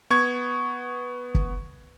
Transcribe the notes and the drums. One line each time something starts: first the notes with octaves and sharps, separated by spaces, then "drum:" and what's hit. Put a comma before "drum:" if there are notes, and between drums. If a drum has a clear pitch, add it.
B3 C#6 G#6
drum: kick